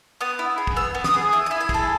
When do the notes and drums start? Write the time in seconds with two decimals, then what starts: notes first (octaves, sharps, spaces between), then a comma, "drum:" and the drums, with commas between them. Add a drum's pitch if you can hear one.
0.21 B3 D#6
0.39 E4
0.58 G#4
0.67 drum: kick
0.76 B3 E6
0.95 B3
1.04 D#6, drum: snare
1.14 G#4
1.33 E4 D#6
1.46 E4 D#6
1.60 G#5
1.69 G#4 A4, drum: kick